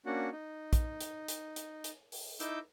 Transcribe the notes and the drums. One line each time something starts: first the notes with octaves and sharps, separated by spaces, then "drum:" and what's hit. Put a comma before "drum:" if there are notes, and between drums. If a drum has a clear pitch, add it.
A#3 C#4 D4 F#4 F#5
D#4
drum: kick A#1, hi-hat
drum: hi-hat
drum: hi-hat
drum: hi-hat
drum: hi-hat
drum: open hi-hat
D#4 E4 D6 E6 G6, drum: hi-hat